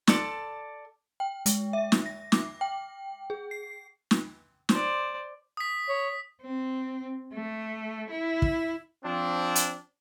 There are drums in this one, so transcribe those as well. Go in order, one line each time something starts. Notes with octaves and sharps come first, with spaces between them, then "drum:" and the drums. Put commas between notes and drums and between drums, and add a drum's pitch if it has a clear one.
A4 D5 A5 C6, drum: snare
G5
G#3, drum: hi-hat
E5
drum: snare
A#6
D6, drum: snare
G5
G#4
C7
drum: snare
C5 D5, drum: snare
D#6 B6
C#5
C4
A3
E4
drum: kick
F3 C4 D4
drum: hi-hat